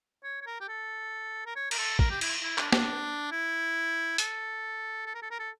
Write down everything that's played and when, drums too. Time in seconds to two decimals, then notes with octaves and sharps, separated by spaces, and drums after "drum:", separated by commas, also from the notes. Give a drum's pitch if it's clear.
0.24 C#5
0.42 C#5
0.46 A#4
0.61 G4
0.68 A4
1.46 A#4
1.56 C#5
1.71 A#4, drum: cymbal
1.78 A4
1.99 A#4, drum: kick
2.10 G4
2.21 E4, drum: cymbal
2.43 E4
2.58 D4, drum: clap
2.73 D4, drum: snare
3.31 E4
4.18 A4, drum: hi-hat
5.06 A4
5.15 A#4
5.22 A4
5.31 A#4
5.40 A4